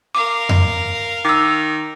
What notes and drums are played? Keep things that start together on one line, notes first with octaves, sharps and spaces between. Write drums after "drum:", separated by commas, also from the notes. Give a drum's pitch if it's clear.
A#4 F5 D6
drum: tom F2
D#3 D6 E6